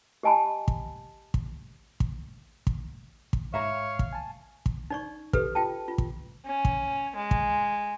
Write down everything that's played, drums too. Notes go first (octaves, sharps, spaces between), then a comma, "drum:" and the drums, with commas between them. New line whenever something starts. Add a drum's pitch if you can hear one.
G4 D#5 G#5 A5 B5
drum: kick
drum: kick
drum: kick
drum: kick
drum: kick
G#2 C#5 E5 F5 A#5 B5
drum: kick
G#5 A5
drum: kick
D#4 D5 C#6
G4 A4 B4, drum: kick
F4 G5 A5
F4
drum: kick
C#4
drum: kick
G#3
drum: kick